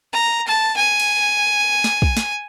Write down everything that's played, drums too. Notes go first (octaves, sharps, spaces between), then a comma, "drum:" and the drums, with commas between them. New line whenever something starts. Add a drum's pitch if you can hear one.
A#5
A5
G#5
drum: cymbal
drum: snare
drum: kick
drum: snare